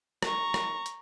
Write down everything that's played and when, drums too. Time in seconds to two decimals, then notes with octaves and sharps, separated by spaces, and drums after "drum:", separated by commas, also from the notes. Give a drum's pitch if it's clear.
0.23 A#5 C#6, drum: rim click
0.54 drum: rim click
0.86 drum: hi-hat